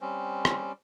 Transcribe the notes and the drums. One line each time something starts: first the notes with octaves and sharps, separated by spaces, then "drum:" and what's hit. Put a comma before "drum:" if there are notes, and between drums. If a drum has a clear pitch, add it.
G3 C4 C#4
drum: rim click